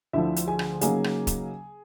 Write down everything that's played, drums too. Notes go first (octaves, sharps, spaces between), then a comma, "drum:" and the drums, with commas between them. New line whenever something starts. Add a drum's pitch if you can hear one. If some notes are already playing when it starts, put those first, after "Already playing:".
D2 D3 F3 E4 E5
drum: hi-hat
G#4 G#5
drum: rim click
C#3 F#3 A#3 D#4 G#4 G#5, drum: hi-hat
drum: rim click
drum: kick, hi-hat